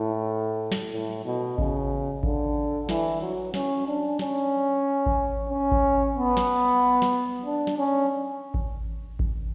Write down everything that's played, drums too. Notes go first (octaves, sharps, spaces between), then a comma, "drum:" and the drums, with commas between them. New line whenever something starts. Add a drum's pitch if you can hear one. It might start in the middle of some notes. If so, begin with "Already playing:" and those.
Already playing: A2
drum: snare
A2
B2
C#3, drum: kick A1
D3, drum: kick A1
E3, drum: snare
F#3
C#4, drum: snare
D4
C#4, drum: snare
drum: kick A1
C#4
drum: kick A1
B3
drum: snare
drum: snare
D4
drum: snare
C#4
drum: kick A1
drum: kick A1